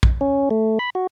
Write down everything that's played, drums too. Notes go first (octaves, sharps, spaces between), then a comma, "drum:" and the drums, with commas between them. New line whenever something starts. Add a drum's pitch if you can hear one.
drum: kick A#1
C#4
A3
B5
F#4